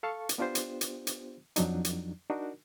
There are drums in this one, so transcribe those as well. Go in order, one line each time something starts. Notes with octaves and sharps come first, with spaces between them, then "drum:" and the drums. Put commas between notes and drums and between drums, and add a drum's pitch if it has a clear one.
A4 F5 A5 C#6
drum: hi-hat
B3 D4 F4 G4 C5
drum: hi-hat
drum: hi-hat
drum: hi-hat
F2 F3 F#3 D4 D#4, drum: hi-hat
drum: hi-hat
D4 D#4 F#4 A#4